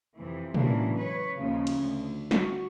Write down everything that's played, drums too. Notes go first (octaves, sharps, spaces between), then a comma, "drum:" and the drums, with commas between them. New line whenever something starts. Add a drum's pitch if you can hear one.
F2 C3 E3
C#3 E3 F#3 G#3 A#3 D4, drum: tom
B4 C#5
D#2 C#3 F3
drum: cymbal
D2
F#4, drum: snare